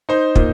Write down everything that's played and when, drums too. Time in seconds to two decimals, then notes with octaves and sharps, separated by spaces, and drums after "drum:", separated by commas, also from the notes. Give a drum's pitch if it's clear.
0.09 D#4 C5
0.35 A#2, drum: kick